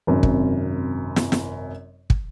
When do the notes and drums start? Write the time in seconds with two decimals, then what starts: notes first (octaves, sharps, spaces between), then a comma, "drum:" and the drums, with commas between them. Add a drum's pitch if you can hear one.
0.07 G#1 F#2 C3
0.23 drum: kick
1.16 drum: snare
1.32 drum: snare
2.10 drum: kick